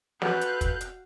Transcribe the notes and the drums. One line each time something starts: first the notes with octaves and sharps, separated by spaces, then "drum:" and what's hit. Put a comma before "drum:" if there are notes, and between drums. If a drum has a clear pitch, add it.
F4 F#4 A4 B4 F5 F#6 G6, drum: snare
drum: hi-hat
drum: kick, hi-hat
drum: hi-hat